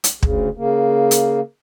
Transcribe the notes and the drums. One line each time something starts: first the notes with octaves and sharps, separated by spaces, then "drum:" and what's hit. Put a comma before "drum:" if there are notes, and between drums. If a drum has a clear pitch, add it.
drum: hi-hat
D2 C#3, drum: kick
C#3 A#3
drum: hi-hat